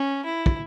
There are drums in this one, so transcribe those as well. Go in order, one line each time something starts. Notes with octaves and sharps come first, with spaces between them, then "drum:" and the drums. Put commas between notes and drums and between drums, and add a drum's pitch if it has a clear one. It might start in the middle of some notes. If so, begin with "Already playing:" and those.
Already playing: C#4
E4
drum: kick